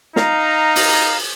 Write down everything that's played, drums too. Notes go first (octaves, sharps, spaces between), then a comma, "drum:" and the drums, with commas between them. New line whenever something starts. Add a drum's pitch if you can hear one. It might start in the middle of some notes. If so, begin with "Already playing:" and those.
D#4 F5 A#5, drum: snare
drum: open hi-hat